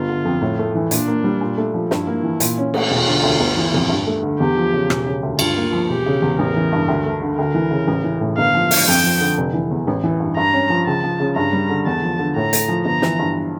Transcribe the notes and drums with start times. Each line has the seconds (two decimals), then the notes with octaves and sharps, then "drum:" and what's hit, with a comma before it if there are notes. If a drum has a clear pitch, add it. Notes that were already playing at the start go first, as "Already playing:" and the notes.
Already playing: G1 F4
0.09 D3
0.25 F2
0.41 A2
0.59 A3
0.75 E3
0.91 A#2 D4, drum: hi-hat
1.08 A#3
1.24 G3
1.41 A#2
1.57 A3
1.74 F3
1.91 G2 E4, drum: snare
2.07 A#3
2.24 E3
2.40 A#2, drum: hi-hat
2.58 C#4
2.74 A3, drum: cymbal
2.90 E1 F4
3.07 D3
3.23 D2
3.40 G1
3.57 E3
3.74 F2, drum: tom A#2
3.89 G2
4.07 A3
4.23 D3
4.40 E2 G4
4.57 F3
4.74 C#3
4.90 E1, drum: rim click
5.06 C#3
5.23 D2
5.39 G2 F4, drum: cymbal
5.57 A#3
5.73 F3
5.89 E1 G4
6.06 C#3
6.22 E2
6.39 A1 A#4
6.56 E3
6.73 G2
6.88 D2
7.06 A3
7.22 D3
7.38 D2 A#4
7.55 E3
7.71 C#3
7.88 A1
8.04 E3
8.21 A2
8.38 G1 F5
8.54 F3
8.71 G2, drum: open hi-hat
8.87 F2 G5
9.04 F3
9.21 D3
9.38 F1
9.53 E3
9.71 E2
9.87 A1
10.04 E3
10.20 G2
10.37 G2 A#5
10.53 C#4
10.70 F3
10.87 C#2 A5
11.04 F3
11.20 C#3
11.36 G2 A#5
11.53 G3
11.69 D3
11.86 E2 A5
12.03 F3
12.19 D3
12.36 A2 A#5
12.53 A3, drum: hi-hat
12.68 F3
12.85 G1 A#5
13.02 E3, drum: snare
13.19 G2